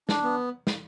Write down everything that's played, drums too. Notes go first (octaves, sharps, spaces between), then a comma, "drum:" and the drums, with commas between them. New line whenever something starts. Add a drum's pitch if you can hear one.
D4, drum: snare
B3
drum: snare